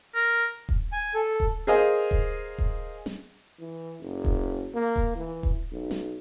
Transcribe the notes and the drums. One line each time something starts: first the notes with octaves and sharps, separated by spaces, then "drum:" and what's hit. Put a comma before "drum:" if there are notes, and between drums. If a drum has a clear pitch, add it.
A#4
drum: kick D#1
G#5
A4
drum: kick D#1
G#4 A#4 C5 D#5 F5 G#5
drum: kick D#1
drum: kick D#1
drum: snare
E3
F#1
drum: kick D#1
A#3
drum: kick D#1
E3
drum: kick D#1
B1
drum: snare